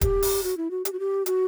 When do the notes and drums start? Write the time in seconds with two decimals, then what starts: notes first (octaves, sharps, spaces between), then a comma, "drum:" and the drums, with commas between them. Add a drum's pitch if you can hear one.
0.01 G4, drum: kick D#1, hi-hat
0.22 drum: open hi-hat
0.44 F#4
0.57 E4
0.71 F#4
0.85 G4, drum: hi-hat
0.93 F#4
1.00 G4
1.26 F#4, drum: hi-hat